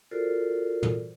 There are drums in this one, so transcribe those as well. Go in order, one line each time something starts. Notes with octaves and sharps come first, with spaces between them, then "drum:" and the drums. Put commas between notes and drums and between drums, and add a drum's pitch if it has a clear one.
F4 F#4 A4 A#4 C5 D5
drum: tom